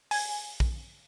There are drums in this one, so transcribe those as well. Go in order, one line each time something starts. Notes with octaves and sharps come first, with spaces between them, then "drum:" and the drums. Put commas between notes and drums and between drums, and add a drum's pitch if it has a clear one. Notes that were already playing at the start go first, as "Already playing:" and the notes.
G#5, drum: open hi-hat
drum: kick A#1